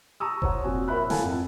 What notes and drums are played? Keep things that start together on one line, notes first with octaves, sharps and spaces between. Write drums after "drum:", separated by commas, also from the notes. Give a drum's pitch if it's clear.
A5 A#5 C#6 D#6 E6
C5 C#5 F#5, drum: kick F1
A#1 C4 F#4 G#5
A#4 C5 C#5 E5 B5 F#6
E4 A4 F5 F#5 G#5 A5, drum: snare
F2